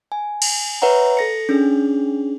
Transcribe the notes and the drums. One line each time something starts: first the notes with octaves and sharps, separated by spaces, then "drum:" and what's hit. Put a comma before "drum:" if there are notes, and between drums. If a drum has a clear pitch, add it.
G#5
drum: cymbal
B4 C#5 E5 F#5 A#5
A4 A#6 C#7
C#4 D4 G#4